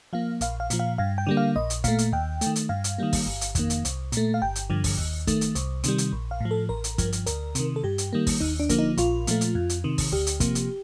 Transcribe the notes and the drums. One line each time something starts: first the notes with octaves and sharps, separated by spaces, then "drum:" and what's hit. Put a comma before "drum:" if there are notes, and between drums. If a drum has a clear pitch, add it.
F3 A#3 F5
A#1 F5, drum: hi-hat
F5
A#2 F3, drum: hi-hat
F5
G2 F5
G5
D3 G3 A#3
F5
A#1 D#5
drum: hi-hat
A#2 A3 F5, drum: kick, hi-hat
drum: hi-hat
D#2 G5
A3, drum: hi-hat
D#3
drum: hi-hat
G2 F5
drum: hi-hat
D#3 G3 A#3
drum: kick, open hi-hat
G1
drum: hi-hat
F2 D#3 A#3, drum: kick, hi-hat
drum: hi-hat
C2, drum: hi-hat
A#2 A3, drum: hi-hat
F5
G1 G5
drum: hi-hat
G2 D3 F3
drum: kick, open hi-hat
D#2
D#3 A3, drum: kick, hi-hat
drum: hi-hat
C2, drum: hi-hat
C3 D#3 G3, drum: hi-hat
drum: hi-hat
A#1
F5
A2 F3
A4
A1 A#4
drum: hi-hat
G2 F3, drum: kick, hi-hat
drum: hi-hat
D2 A#4, drum: hi-hat
C3 D#3, drum: hi-hat
A4
G2 G4
drum: hi-hat
D#3 G3 A#3
drum: kick, open hi-hat
D#2 D#4
D4
D3 F3 A#3, drum: kick, hi-hat
D#4
A#1 F4, drum: hi-hat
A#2 F3 A3, drum: hi-hat
drum: hi-hat
F2
drum: hi-hat
C3 D#3
drum: kick, open hi-hat
D2 G4
drum: hi-hat
C3 F3 A#3, drum: kick, hi-hat
drum: hi-hat